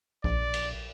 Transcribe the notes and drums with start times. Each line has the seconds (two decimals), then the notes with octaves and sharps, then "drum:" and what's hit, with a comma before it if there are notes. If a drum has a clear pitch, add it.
0.24 A#1 D5, drum: kick B1
0.54 drum: cymbal